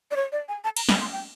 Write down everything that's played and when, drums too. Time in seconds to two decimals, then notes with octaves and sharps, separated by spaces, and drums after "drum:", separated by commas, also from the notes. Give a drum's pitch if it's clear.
0.11 D5
0.16 C#5
0.32 D5
0.48 G#5
0.64 A5
0.77 A#5, drum: cymbal
0.89 B5, drum: snare
1.00 C6
1.12 G5